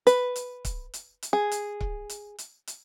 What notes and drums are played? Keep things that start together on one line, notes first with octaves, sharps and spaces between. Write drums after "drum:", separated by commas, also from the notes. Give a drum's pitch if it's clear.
B4, drum: hi-hat
drum: hi-hat
drum: kick C#1, hi-hat
drum: hi-hat
drum: hi-hat
G#4
drum: hi-hat
drum: kick C#1
drum: hi-hat
drum: hi-hat
drum: hi-hat